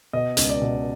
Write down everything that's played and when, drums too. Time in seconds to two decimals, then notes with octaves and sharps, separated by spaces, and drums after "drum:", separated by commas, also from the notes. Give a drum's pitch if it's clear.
0.13 B2 D#5
0.37 C#2, drum: hi-hat
0.50 D5
0.62 B2